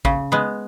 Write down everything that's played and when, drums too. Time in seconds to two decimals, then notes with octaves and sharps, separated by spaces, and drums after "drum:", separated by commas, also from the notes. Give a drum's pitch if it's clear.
0.05 C#3, drum: kick G#1
0.32 G#3 B3